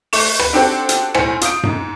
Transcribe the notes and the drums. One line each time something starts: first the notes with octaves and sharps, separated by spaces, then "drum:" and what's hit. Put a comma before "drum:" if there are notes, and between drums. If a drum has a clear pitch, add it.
A3 C#6 E7, drum: open hi-hat
B4, drum: rim click
C4 D4 F#4 G4 A4 C5
drum: hi-hat
B1 A2 C5 G#5 C#7, drum: rim click
F4 D#6 G6 D7, drum: hi-hat
G#2, drum: tom F#2